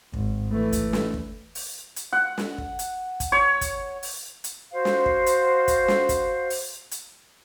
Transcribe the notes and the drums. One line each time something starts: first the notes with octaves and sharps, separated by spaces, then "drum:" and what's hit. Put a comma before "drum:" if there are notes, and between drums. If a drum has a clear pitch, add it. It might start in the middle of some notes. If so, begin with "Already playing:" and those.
G#1, drum: kick
E3 A3
drum: kick, hi-hat
drum: snare
drum: kick
drum: open hi-hat
drum: hi-hat
F#5
drum: snare
drum: kick
drum: hi-hat
drum: kick, hi-hat
C#5
drum: kick, hi-hat
drum: open hi-hat
drum: hi-hat
F#4 C5 F5
drum: snare
drum: kick
drum: hi-hat
drum: kick, hi-hat
drum: snare
drum: kick, hi-hat
drum: open hi-hat
drum: hi-hat